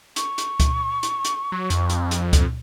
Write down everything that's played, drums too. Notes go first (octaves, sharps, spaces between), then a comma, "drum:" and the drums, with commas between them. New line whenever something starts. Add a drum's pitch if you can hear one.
C#6, drum: hi-hat
drum: hi-hat
drum: kick C#2, hi-hat
drum: hi-hat
drum: hi-hat
F#3
F2, drum: hi-hat
drum: hi-hat
drum: hi-hat
drum: kick C#2, hi-hat